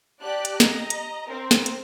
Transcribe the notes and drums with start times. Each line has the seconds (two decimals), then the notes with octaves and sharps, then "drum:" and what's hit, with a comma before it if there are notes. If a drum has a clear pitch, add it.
0.21 G4 D5 A5 F#6
0.45 drum: hi-hat
0.60 D#5 A#5, drum: snare
0.90 drum: hi-hat
1.27 C4 A#4 C5
1.51 drum: snare
1.66 drum: hi-hat